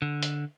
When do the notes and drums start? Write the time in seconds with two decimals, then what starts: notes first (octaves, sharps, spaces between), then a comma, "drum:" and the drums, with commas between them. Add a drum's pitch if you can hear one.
0.02 D3
0.23 drum: hi-hat